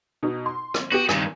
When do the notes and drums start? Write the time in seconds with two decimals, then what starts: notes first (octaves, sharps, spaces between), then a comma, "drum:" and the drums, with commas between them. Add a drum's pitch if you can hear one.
0.23 B2 D#4
0.46 C6
0.74 drum: rim click
0.92 B3 F#4 G4
1.09 G2 D#3 G#5, drum: rim click